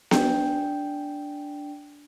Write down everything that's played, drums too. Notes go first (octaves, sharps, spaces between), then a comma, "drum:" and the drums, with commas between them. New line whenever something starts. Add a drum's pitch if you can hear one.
D4 G5, drum: snare B3